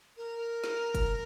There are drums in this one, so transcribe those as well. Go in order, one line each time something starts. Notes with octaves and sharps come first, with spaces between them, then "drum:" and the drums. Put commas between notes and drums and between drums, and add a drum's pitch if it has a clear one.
A#4
drum: snare
drum: kick, hi-hat